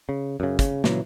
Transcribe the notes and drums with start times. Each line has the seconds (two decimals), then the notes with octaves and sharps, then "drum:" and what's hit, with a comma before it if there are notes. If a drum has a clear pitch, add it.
0.09 C#3
0.40 F#2 C#3
0.59 C#3, drum: kick, hi-hat
0.84 A#2 C#3 E3 F#3, drum: snare